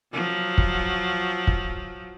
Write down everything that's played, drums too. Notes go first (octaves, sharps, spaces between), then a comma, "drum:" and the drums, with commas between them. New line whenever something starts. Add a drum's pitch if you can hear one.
F3 F#3
drum: kick
drum: kick